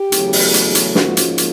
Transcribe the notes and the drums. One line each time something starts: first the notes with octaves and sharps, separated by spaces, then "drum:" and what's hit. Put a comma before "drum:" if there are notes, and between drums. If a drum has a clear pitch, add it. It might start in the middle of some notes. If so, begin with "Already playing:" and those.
Already playing: G4
E2 C#3 F#3 A3, drum: hi-hat
drum: open hi-hat
drum: hi-hat
drum: hi-hat
G#2 F3 A#3 C#4 F#4, drum: snare
drum: hi-hat
drum: hi-hat